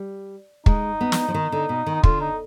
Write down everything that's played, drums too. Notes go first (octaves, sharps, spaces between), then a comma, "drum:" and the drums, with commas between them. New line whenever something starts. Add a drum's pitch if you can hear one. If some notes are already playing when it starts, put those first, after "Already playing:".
Already playing: G3
G#3 D#4, drum: kick
B3
drum: snare
F3
D#3
D3
B2
D#3
D#4
D3 F4, drum: kick
D#4